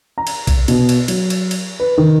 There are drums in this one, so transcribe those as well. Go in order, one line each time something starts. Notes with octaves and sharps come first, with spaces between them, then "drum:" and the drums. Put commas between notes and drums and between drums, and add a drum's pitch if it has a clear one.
A#5
drum: cymbal
drum: kick B1, cymbal
B2, drum: cymbal
drum: cymbal
F#3, drum: cymbal
drum: cymbal
drum: cymbal
B4
D#3